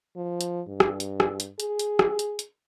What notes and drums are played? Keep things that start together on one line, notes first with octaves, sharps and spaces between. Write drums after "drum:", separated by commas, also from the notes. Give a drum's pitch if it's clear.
F3
drum: hi-hat
G2
drum: rim click
drum: hi-hat
drum: rim click
drum: hi-hat
G#4, drum: hi-hat
drum: hi-hat
drum: rim click
drum: hi-hat
drum: hi-hat